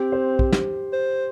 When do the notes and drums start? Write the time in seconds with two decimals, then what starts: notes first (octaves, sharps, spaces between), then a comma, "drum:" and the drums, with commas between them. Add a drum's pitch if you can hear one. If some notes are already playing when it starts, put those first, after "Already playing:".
Already playing: C4 G4
0.12 C5
0.39 G4, drum: kick A#1
0.52 drum: snare
0.93 C5